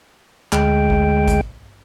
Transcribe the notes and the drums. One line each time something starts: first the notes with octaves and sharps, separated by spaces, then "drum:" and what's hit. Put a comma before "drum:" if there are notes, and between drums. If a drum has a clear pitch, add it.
D2 G#3 G5, drum: clap
drum: kick G#1
drum: kick G#1, hi-hat